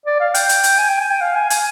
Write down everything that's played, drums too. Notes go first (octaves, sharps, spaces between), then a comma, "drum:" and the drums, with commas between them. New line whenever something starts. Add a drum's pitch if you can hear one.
D5
F5
G5, drum: hi-hat
drum: hi-hat
drum: hi-hat
G#5
G5
G#5
G5
F5
G#5
G#5, drum: hi-hat